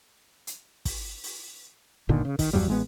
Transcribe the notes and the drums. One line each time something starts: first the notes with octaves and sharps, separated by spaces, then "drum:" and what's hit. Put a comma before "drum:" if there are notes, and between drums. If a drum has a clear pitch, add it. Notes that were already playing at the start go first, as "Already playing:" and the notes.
drum: hi-hat
drum: kick, open hi-hat
drum: open hi-hat
G1 A#2 D3 D#3
C#3
D#3, drum: kick, open hi-hat
E2 G2 F#3 G3
A1 G#3 B3